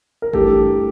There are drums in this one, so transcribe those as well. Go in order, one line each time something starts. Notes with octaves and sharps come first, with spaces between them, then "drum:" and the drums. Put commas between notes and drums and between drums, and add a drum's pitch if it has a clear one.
A#4
G2 E3 A3 G4 A4, drum: kick G#1